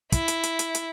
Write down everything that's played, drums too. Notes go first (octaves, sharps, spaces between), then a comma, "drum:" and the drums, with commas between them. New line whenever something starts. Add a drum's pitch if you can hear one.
E4, drum: kick, hi-hat
drum: hi-hat
drum: hi-hat
drum: hi-hat
drum: hi-hat